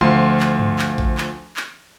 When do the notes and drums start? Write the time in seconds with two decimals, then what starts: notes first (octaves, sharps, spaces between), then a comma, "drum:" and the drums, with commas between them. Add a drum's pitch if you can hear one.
0.01 D2 F3 F4 C6
0.40 drum: clap
0.59 drum: tom G2
0.79 drum: clap
0.98 drum: kick A1
1.18 drum: clap
1.57 drum: clap